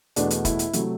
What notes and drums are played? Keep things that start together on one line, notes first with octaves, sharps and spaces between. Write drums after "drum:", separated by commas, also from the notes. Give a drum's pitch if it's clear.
E2 B2 A3 D4, drum: hi-hat
drum: hi-hat
E4, drum: kick, hi-hat
drum: hi-hat
C3 F#3 A3, drum: hi-hat